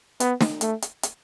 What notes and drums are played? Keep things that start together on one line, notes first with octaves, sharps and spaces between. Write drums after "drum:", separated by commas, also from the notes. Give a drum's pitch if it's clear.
B3, drum: hi-hat
drum: snare
A3, drum: hi-hat
drum: hi-hat
drum: hi-hat